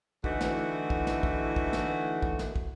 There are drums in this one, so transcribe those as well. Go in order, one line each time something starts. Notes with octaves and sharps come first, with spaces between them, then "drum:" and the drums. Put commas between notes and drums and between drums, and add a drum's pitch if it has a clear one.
D3 E3 A3 D#4 E4 F#4, drum: kick
drum: snare
drum: kick
drum: snare
drum: kick
drum: kick
drum: snare
drum: kick
drum: snare
drum: kick